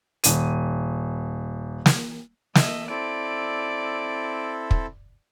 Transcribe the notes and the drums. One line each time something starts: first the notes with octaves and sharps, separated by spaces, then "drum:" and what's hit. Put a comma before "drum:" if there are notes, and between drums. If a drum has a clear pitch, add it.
D#1 D#7, drum: hi-hat
drum: snare
A3 D#5 E5, drum: snare
C4 E4 A4 D5 D7
drum: kick